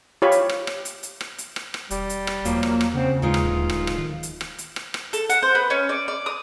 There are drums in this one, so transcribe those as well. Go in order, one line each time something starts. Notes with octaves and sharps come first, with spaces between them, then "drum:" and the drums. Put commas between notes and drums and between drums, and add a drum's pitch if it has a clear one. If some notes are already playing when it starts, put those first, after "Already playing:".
F4 G4 C#5 B5
drum: hi-hat
drum: rim click
drum: rim click
drum: hi-hat
drum: hi-hat
drum: rim click
drum: hi-hat
drum: rim click
drum: rim click
E1 G3, drum: hi-hat
drum: hi-hat
drum: rim click
E2 F3 F#3 A#3, drum: hi-hat
drum: rim click
drum: rim click
C#3 C4 F#5
D#2 E3 G#3 D#4 F4
drum: rim click
D1
drum: rim click
drum: rim click
D#3
drum: hi-hat
drum: rim click
drum: hi-hat
drum: rim click
drum: rim click
A4, drum: hi-hat
F#5, drum: hi-hat
C5
B3
C#4
D5
D5
D#6